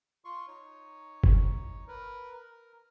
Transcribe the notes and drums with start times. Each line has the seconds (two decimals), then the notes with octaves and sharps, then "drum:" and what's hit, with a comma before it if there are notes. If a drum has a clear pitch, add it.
0.25 F4 C6 C#6
0.47 D#4 C#5
1.24 drum: kick F#1
1.88 A#4 B4
2.33 A#4